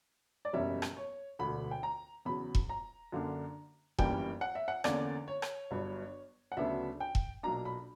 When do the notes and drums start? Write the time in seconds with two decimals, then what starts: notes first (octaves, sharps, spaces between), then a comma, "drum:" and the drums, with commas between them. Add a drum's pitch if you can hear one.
0.45 D5
0.53 F#1 E2 B2 G3 C#4 E5
0.82 drum: rim click
0.97 C#5
1.39 E1 D2 D3 B5
1.71 G5
1.83 A#5
2.25 E2 C#3 F#3 B5
2.55 drum: kick E1
2.69 A#5
3.12 F#2 D3 A#3 D4
3.99 G1 F#2 E3 G3 A#3 G5, drum: kick E1
4.41 F#5
4.55 E5
4.68 F#5
4.84 E2 D3 A#3 C#4 D5, drum: rim click
5.28 C#5
5.42 drum: rim click
5.71 G1 G2 F#3
6.52 F#5
6.57 D2 C#3 F#3 B3 D4 E5
7.00 G5
7.15 drum: kick E1
7.43 B1 A#2 F#3 A#3 D4 A#5
7.65 B5